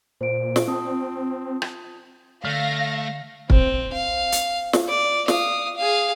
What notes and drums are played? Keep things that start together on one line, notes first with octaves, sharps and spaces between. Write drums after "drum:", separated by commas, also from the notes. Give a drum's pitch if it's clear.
A#2 C5 D7
drum: snare
C4 F4 A5 D#6
drum: rim click
D3 A3 F5 A#6
C4, drum: kick
F5
drum: hi-hat
drum: snare
D5
F5 D#6, drum: snare
G#4 F5